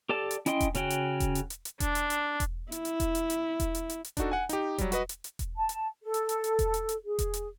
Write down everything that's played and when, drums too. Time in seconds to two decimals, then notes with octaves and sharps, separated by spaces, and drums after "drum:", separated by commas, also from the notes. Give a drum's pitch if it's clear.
0.09 G4 A4 D5 A5
0.31 drum: hi-hat
0.46 C#4 E4 D#5 G5 C6, drum: hi-hat
0.60 drum: kick E1, hi-hat
0.75 C#3 C#4 F#4 G5, drum: hi-hat
0.90 drum: hi-hat
1.20 drum: kick E1, hi-hat
1.35 drum: hi-hat
1.50 drum: hi-hat
1.65 drum: hi-hat
1.80 D4, drum: kick E1, hi-hat
1.95 drum: hi-hat
2.10 drum: hi-hat
2.40 drum: kick E1, hi-hat
2.72 E4, drum: hi-hat
2.85 drum: hi-hat
3.00 drum: kick E1, hi-hat
3.15 drum: hi-hat
3.30 drum: hi-hat
3.60 drum: kick E1, hi-hat
3.75 drum: hi-hat
3.90 drum: hi-hat
4.04 drum: hi-hat
4.17 D4 D#4 F#4 A4, drum: kick E1, hi-hat
4.31 F#5 G#5
4.49 D#4 G4, drum: hi-hat
4.78 F#3 G3, drum: kick E1, hi-hat
4.92 F#4 B4 D#5, drum: hi-hat
5.09 drum: hi-hat
5.24 drum: hi-hat
5.39 drum: kick E1, hi-hat
5.57 A5
5.69 drum: hi-hat
6.03 A4
6.14 drum: hi-hat
6.29 drum: hi-hat
6.44 drum: hi-hat
6.59 drum: kick E1, hi-hat
6.74 drum: hi-hat
6.89 drum: hi-hat
7.06 G#4
7.19 drum: kick E1, hi-hat
7.34 drum: hi-hat